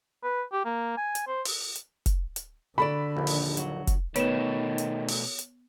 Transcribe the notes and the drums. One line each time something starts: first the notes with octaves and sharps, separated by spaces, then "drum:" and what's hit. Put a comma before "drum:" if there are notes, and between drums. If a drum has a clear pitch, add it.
B4
G4
A#3
G#5
drum: hi-hat
C5
drum: open hi-hat
drum: hi-hat
drum: kick, hi-hat
drum: hi-hat
D3 F#4 A4 D5 B5
A#1 D#2
drum: open hi-hat
F#3, drum: hi-hat
drum: kick, hi-hat
B2 D#3 A3 B3 B4 C#5 E7, drum: hi-hat
drum: hi-hat
drum: open hi-hat
drum: hi-hat